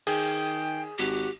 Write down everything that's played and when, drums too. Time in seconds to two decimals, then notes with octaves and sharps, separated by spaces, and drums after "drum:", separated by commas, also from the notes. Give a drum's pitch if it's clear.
0.07 D#3 G#4 G5, drum: cymbal
0.98 G#1 F#4 G4